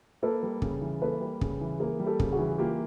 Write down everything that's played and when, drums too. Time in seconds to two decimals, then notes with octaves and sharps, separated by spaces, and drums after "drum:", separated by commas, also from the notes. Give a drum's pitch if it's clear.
0.23 A#3 A4 B4
0.43 G3
0.62 C#3, drum: kick
0.81 E3
1.01 A#3 A4 B4
1.21 G3
1.41 C#3, drum: kick
1.61 E3
1.80 A#3 G#4 A#4
2.00 G3
2.06 G4 A4
2.20 C#3, drum: kick
2.32 F#4 G#4
2.39 E3
2.58 A#3 F4 G4